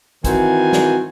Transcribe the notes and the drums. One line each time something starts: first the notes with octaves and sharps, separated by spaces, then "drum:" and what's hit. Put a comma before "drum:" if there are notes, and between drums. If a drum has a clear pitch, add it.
D#3 E3 C4 F#4 G#5, drum: kick, hi-hat
drum: snare